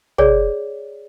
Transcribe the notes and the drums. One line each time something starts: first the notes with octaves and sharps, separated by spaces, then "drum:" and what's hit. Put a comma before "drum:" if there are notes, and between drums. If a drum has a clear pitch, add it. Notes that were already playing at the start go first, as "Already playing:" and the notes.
G#4 C#5 D5, drum: tom